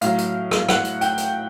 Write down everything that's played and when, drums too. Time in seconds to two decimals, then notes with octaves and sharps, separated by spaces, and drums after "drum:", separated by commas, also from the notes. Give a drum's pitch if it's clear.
0.01 A2 F#3 F5, drum: hi-hat
0.18 drum: hi-hat
0.51 drum: rim click
0.69 F#5, drum: rim click
0.85 drum: hi-hat
1.01 G5, drum: hi-hat
1.18 drum: hi-hat